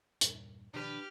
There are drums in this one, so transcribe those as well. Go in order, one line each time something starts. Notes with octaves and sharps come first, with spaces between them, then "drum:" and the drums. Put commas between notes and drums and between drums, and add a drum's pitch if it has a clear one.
E2 G2 A#2, drum: hi-hat
B2 D#3 F3 D4 G4 B4 F6